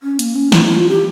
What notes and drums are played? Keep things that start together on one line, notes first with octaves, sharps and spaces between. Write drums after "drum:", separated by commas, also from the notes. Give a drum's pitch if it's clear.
C#4
A#3, drum: hi-hat
C#4
E4, drum: snare
E4
F4
G4